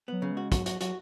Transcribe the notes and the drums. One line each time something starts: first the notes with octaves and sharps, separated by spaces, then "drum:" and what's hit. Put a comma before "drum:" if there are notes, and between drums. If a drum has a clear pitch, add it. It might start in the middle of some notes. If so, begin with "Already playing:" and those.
F#3 B3
C#3
G#3
F#4
F#3 F#4, drum: kick, hi-hat
F#4, drum: hi-hat
F#3 F#4, drum: hi-hat